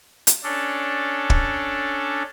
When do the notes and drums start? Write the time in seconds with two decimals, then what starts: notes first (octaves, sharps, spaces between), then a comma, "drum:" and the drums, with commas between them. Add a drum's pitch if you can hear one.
0.27 drum: hi-hat
0.44 C#4 D4 A4
1.30 drum: kick